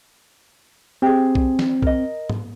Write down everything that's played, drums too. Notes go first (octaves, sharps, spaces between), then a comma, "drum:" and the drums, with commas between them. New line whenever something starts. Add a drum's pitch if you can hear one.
C4 G4 G#4
drum: kick B1
drum: snare
A#4 D#5, drum: kick B1
drum: tom G#2